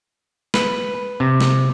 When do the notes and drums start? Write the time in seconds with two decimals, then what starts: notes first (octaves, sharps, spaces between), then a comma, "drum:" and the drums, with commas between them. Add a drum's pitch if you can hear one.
0.54 B4, drum: snare
1.20 C3
1.41 drum: snare